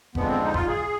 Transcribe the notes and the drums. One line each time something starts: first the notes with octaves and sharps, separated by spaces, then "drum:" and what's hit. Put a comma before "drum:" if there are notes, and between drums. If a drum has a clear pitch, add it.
F2 D3 F3 G#3 B3, drum: kick F#1
C4
D#4
F4, drum: kick F#1
G#4